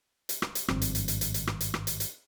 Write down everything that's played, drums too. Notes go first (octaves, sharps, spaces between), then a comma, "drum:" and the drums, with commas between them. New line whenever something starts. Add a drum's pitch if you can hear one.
drum: hi-hat
drum: rim click
drum: hi-hat
G#1 G2 F3 C4, drum: rim click
drum: hi-hat
drum: hi-hat
drum: hi-hat
drum: hi-hat
drum: hi-hat
drum: rim click
drum: hi-hat
drum: rim click
drum: hi-hat
drum: hi-hat